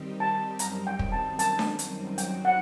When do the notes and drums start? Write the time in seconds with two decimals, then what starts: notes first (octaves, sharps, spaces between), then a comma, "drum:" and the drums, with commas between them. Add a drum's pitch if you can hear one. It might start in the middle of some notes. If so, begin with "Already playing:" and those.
Already playing: D#3 G3 C4 D#4 G4
0.20 A5
0.59 F#2 D#3 G3 C4 D#4 A#5, drum: hi-hat
0.87 G5
0.99 drum: kick
1.12 A5
1.39 A5, drum: hi-hat
1.59 drum: snare D4
1.79 drum: hi-hat
2.18 F#2 F#3 C4 D#4 F#4 G5, drum: hi-hat
2.45 F#5